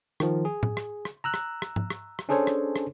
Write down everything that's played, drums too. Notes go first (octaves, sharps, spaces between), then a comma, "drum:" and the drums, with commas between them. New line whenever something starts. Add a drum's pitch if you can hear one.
D#3 F3, drum: rim click
G#4
drum: tom A2
drum: rim click
drum: rim click
A#5 E6 F#6
drum: rim click
drum: rim click
drum: tom G#2
drum: rim click
drum: rim click
C#4 D4 G#4 A4 C5 C#5
drum: rim click
drum: rim click